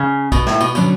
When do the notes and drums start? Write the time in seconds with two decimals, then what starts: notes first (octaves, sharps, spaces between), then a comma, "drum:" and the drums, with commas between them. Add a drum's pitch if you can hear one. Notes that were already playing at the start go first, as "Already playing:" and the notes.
Already playing: C#3
0.32 B2, drum: kick, tambourine
0.47 A2, drum: snare
0.61 B2, drum: tambourine
0.75 B2 D3 F#3 C#4, drum: tambourine